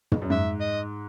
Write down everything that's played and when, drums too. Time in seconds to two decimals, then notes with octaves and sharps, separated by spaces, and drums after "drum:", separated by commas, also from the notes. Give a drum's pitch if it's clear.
0.12 drum: tom
0.22 F#2
0.30 G#2 E5
0.60 D#5